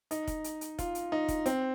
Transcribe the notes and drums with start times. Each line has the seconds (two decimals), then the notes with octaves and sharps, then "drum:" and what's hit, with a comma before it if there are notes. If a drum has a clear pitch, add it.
0.11 D#4, drum: hi-hat
0.27 drum: kick, hi-hat
0.44 drum: hi-hat
0.61 drum: hi-hat
0.79 F4, drum: kick, hi-hat
0.95 drum: hi-hat
1.12 D#4
1.28 drum: kick, hi-hat
1.46 C4, drum: hi-hat